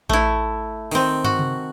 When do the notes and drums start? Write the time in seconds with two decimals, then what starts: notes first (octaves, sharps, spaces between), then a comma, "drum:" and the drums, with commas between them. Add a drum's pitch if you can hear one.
0.09 A3 E4, drum: kick A1
0.91 D#3 C4, drum: cymbal
1.24 F#4, drum: tom
1.39 drum: tom C3